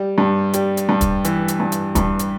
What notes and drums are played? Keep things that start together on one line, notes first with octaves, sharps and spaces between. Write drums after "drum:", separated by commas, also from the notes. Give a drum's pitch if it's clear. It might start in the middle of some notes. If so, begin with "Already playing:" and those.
Already playing: G3
G2
G3, drum: hi-hat
drum: hi-hat
G2
drum: kick, hi-hat
E3, drum: hi-hat
drum: hi-hat
G2
drum: hi-hat
G2, drum: kick, hi-hat
drum: hi-hat